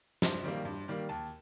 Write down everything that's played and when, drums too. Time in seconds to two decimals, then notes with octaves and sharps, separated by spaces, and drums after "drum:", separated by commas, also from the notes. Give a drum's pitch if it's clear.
0.22 G2 C5, drum: snare
0.44 D#3 G3 A#3
0.65 G2
0.88 D#3 G3 A#3
1.09 D#2 A5